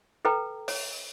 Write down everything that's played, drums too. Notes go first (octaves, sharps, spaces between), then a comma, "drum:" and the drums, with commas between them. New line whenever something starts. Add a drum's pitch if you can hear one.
A4 B4 G5 A#5
C#5, drum: open hi-hat